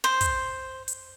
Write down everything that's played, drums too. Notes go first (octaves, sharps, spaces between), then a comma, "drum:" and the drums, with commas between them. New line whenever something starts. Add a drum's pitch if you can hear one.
C5
drum: kick, hi-hat
drum: hi-hat